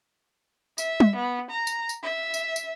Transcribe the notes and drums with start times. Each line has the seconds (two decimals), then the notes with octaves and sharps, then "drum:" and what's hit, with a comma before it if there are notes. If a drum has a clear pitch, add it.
0.78 E5, drum: tambourine
1.00 drum: tom G3
1.16 B3
1.50 A#5
1.67 drum: tambourine
1.89 drum: tambourine
2.03 E5
2.34 drum: tambourine
2.56 drum: tambourine